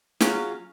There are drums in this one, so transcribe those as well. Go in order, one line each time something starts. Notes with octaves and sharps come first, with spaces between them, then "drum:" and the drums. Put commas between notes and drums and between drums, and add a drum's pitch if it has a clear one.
F#3 C#4 F4 G#4, drum: snare